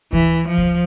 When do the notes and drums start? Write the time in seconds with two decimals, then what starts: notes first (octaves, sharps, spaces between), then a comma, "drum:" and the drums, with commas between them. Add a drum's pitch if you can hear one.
0.13 E3, drum: kick D2
0.48 F3
0.58 drum: kick D2